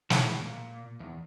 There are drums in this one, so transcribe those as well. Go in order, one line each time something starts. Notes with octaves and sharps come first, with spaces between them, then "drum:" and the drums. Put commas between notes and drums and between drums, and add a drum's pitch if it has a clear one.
E3, drum: snare
A#2
E2